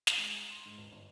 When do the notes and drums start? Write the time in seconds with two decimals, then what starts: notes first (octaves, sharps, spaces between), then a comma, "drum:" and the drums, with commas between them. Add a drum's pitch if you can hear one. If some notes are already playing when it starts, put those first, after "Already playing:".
0.07 drum: snare
0.18 G#3
0.34 A#5
0.50 C6
0.65 G#2
0.78 D#1
0.92 G1